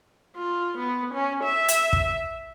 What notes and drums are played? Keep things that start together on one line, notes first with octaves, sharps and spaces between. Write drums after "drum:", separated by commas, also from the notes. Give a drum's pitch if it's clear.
F4
B3
C#4
E5
drum: hi-hat
drum: kick